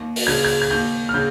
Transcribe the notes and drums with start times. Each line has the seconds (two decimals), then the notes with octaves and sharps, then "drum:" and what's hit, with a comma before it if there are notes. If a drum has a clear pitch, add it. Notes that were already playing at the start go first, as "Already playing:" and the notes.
Already playing: D#2
0.16 drum: open hi-hat
0.27 C#3 G#6
0.44 G#6
0.62 G#6
0.71 D#2 G6
1.09 F6
1.14 C#3 G6